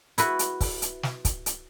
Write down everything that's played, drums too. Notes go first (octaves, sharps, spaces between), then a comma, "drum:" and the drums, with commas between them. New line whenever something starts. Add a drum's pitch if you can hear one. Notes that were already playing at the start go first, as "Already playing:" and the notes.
E4 F#4 B4, drum: hi-hat
drum: hi-hat
drum: kick, open hi-hat
drum: hi-hat
drum: snare
drum: kick, hi-hat
drum: hi-hat